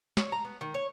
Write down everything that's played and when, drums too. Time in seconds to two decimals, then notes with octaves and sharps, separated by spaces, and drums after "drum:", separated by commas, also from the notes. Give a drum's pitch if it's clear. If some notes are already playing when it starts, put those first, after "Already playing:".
0.17 C#5, drum: snare
0.32 A#5
0.45 B3
0.61 D#3
0.74 C#5